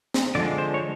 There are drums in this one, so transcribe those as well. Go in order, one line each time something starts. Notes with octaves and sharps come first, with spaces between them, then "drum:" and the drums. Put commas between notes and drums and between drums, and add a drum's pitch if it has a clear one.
drum: snare
D3 F3 G#3 D5
C5
C#5